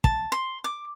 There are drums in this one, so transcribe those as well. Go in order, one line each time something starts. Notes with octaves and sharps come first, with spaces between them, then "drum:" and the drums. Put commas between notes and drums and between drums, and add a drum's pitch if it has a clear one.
A5, drum: kick
C6
D6